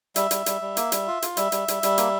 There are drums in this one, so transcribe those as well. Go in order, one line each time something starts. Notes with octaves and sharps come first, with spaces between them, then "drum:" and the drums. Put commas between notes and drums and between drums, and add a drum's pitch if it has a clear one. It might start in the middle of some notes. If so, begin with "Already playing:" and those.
G3 E5, drum: hi-hat
G3, drum: hi-hat
G3, drum: hi-hat
G3
A#3, drum: hi-hat
G3, drum: hi-hat
F4
F4, drum: hi-hat
G3 E5, drum: hi-hat
G3, drum: hi-hat
G3, drum: hi-hat
G3, drum: hi-hat
A#3, drum: hi-hat